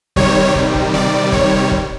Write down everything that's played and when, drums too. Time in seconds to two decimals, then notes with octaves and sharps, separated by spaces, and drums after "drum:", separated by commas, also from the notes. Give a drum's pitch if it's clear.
0.16 C3 D#3 G3 C#5, drum: kick
0.55 drum: kick
0.75 drum: kick
0.94 D5, drum: snare
1.32 C#5, drum: kick
1.71 drum: kick